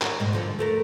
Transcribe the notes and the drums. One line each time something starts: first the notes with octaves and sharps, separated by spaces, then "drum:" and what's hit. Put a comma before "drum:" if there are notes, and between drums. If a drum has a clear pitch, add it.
A#4, drum: clap
G#2 B2 G#3
D3 F3 A4
A3 A4 A#4